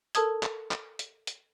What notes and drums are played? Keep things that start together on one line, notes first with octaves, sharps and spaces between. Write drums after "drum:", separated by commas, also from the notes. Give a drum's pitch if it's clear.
A4 A#4 A5 D#6 G#6, drum: hi-hat
drum: clap
drum: clap
drum: hi-hat
drum: hi-hat